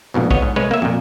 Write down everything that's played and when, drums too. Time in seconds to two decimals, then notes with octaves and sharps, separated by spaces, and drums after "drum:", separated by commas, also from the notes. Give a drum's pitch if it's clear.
0.14 A#1 F2 G#2 B2
0.31 B3 C#5 D#5, drum: kick
0.42 G#2
0.56 C2 G#3 B4 C#5
0.71 A#3 E5
0.82 F2 A#2